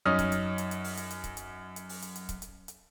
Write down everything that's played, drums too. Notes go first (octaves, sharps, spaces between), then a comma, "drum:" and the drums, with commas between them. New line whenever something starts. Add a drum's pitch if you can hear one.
F#2 C#4 D#4 D#6 F6
drum: kick C#1, hi-hat
drum: hi-hat
drum: hi-hat
drum: hi-hat
drum: open hi-hat
drum: hi-hat
drum: hi-hat
drum: kick C#1, hi-hat
drum: hi-hat
drum: hi-hat
drum: open hi-hat
drum: hi-hat
drum: hi-hat
drum: kick C#1, hi-hat
drum: hi-hat
drum: hi-hat